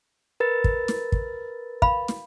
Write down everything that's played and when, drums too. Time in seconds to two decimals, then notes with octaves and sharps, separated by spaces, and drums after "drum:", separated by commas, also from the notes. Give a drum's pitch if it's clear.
0.40 A#4 B4 A6
0.64 drum: kick
0.88 drum: snare
1.12 drum: kick
1.82 F5 B5, drum: kick
2.08 drum: snare